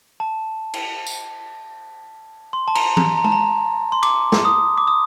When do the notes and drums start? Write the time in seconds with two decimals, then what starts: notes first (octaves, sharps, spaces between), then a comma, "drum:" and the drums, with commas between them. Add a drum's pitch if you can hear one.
0.20 A5
0.73 drum: cymbal
1.07 drum: tambourine
2.53 C6
2.68 A5
2.75 A#5, drum: cymbal
2.97 A#5, drum: tom E3
3.17 A#5
3.24 A5, drum: tom G#3
3.32 A#5
3.92 C6
4.03 D6, drum: cymbal
4.32 drum: snare
4.45 D#6
4.78 D6
4.87 D#6